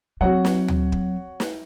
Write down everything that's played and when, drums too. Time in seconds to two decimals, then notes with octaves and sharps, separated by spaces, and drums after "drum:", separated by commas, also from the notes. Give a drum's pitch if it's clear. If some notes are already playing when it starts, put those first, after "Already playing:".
0.21 F#3 C4 F#4 C#5 F#5
0.45 drum: snare
0.68 drum: tom D2
0.92 drum: kick
1.40 drum: snare